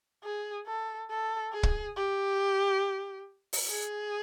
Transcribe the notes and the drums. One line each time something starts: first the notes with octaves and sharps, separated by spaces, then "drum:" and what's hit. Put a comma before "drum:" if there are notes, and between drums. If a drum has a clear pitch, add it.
G#4
A4
A4
G#4
drum: kick
G4
drum: open hi-hat
G#4